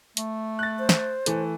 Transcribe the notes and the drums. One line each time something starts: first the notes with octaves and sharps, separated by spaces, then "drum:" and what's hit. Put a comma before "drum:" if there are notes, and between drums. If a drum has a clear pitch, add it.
A3, drum: hi-hat
F#6 A6
C5
drum: snare
E3 A3, drum: hi-hat